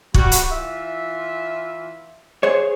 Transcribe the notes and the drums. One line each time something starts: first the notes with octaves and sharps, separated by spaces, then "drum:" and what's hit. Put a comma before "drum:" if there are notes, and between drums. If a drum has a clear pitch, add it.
G3 F#4, drum: kick
drum: hi-hat
E3 F4 E5
G#4 C5 C#5